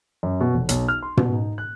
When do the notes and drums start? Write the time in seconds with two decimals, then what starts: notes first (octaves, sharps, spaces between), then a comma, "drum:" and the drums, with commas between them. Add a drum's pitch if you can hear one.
0.23 F#2
0.40 B2
0.54 F1
0.69 B1, drum: hi-hat
0.88 F6
1.02 C6
1.17 B2, drum: tom
1.33 D#4
1.58 F#6